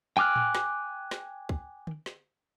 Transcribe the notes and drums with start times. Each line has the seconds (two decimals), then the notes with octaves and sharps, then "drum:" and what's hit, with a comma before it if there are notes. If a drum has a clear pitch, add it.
0.17 G5 G#5 D6 F6 F#6
0.36 drum: tom A2
0.55 drum: snare
1.11 drum: snare
1.49 drum: kick
1.87 drum: tom D3
2.06 drum: snare